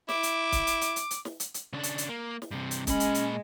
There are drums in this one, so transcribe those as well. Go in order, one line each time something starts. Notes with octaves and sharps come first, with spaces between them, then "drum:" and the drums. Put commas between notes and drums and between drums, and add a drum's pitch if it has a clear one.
E4 D6, drum: snare
drum: hi-hat
drum: kick, hi-hat
drum: hi-hat
drum: hi-hat
drum: hi-hat
drum: hi-hat
drum: snare
drum: hi-hat
drum: hi-hat
C#3 D4
drum: hi-hat
drum: hi-hat
A#3
drum: snare
G2 C3
drum: hi-hat
A#2 G#3 C#4 B5, drum: kick, hi-hat
drum: hi-hat
drum: hi-hat